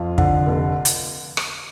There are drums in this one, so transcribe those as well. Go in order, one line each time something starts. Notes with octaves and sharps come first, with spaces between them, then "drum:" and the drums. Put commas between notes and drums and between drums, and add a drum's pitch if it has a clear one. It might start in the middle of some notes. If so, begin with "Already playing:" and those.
Already playing: F2 F4
D3, drum: kick
F1
drum: hi-hat
drum: rim click